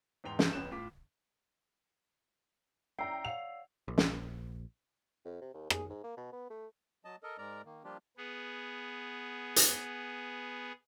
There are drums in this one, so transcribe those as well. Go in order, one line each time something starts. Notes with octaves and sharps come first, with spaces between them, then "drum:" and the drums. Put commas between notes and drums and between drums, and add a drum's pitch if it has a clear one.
E2 G#2 B3 G5 C6 F7
E2 G2 E3 G6, drum: snare
G1 F2 B3 C#4 F#6 E7
A2 F4 D6 B6
C#4 E4 D5 G5 A#5 E6 C7
C#5 F5 F#5 F7
A#1
drum: snare
F2
C3
D#2
G#4, drum: rim click
G#2
A#3
B2
B3
A3
F#3 D#5 A5
A4 A#4 D#5
G#2 G#3 A#4 D5 A#5
D#3 A#3
F3 G3 A#3 D4 F4 G4
B3 G#4
drum: hi-hat